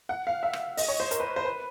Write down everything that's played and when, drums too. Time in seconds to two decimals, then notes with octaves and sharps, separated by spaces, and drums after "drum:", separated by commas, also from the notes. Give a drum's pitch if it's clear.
0.09 F#5
0.27 F5
0.43 E5
0.53 drum: rim click
0.77 D#5, drum: open hi-hat
0.88 C#5
1.00 C5
1.11 A#4, drum: hi-hat
1.20 B4
1.36 C5
1.45 B4